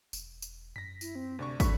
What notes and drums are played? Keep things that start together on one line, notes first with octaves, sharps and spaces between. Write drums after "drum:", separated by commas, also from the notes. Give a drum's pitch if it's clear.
E1, drum: tambourine
drum: tambourine
F#2 A#6 B6
E4, drum: tambourine
C4
D2 C3 D4 C#6
A#1 D3 B5 C#6 B6, drum: kick, tambourine